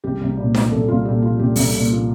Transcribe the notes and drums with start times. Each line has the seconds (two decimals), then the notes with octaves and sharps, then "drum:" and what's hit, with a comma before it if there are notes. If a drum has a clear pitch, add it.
0.04 C2 G4
0.21 C2
0.37 A#2
0.55 F3, drum: snare D4
0.71 C2 A4
0.88 C2 F4
1.05 A#2 G4
1.22 F3 F4
1.39 C2 G4
1.56 C2, drum: open hi-hat
1.74 A#2
1.90 F3